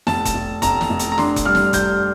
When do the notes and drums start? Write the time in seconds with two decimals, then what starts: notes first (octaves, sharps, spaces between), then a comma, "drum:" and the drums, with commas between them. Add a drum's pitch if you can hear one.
0.07 F1 A5, drum: snare
0.25 drum: kick F1, hi-hat
0.34 F1
0.62 F1 A#5, drum: kick F1, hi-hat
0.81 drum: snare
0.90 F1
0.99 drum: hi-hat
1.12 A#5
1.18 D4 C6, drum: snare
1.36 drum: kick F1, hi-hat
1.45 G3 F6
1.55 drum: snare
1.73 C3 G6, drum: kick F1, hi-hat